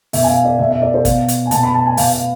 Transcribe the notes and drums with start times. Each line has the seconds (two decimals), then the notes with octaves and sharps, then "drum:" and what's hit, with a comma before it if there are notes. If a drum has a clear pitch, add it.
0.13 B2 E5, drum: open hi-hat
0.23 G#5
0.29 F5
0.45 D5
0.59 B2 E5
0.71 E5
0.82 D5
0.94 C5
1.05 B2 F5, drum: kick, hi-hat
1.28 drum: hi-hat
1.46 G#5
1.51 B2 A5, drum: hi-hat
1.63 B5
1.74 A5
1.86 G#5
1.97 B2 F5, drum: open hi-hat
2.12 F5